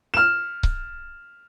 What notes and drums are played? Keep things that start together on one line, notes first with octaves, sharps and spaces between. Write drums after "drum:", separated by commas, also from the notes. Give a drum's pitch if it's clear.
F6 E7
drum: kick C#1